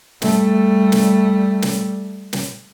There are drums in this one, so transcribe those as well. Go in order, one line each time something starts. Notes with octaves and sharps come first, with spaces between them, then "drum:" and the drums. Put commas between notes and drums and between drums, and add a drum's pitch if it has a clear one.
G3 A3, drum: snare
drum: snare
drum: snare
drum: snare